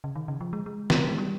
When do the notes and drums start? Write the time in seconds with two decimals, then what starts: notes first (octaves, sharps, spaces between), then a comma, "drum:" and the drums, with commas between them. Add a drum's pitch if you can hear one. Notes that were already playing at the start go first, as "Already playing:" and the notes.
0.04 C#3
0.16 D#3
0.28 C#3
0.41 F3
0.53 G#3
0.66 G#3
0.90 drum: snare
1.10 G#3
1.18 G3